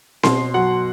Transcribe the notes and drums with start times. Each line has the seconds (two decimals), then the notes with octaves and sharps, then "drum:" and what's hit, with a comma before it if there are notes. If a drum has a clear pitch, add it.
0.23 B2 C6, drum: snare C4
0.54 F#3 F#5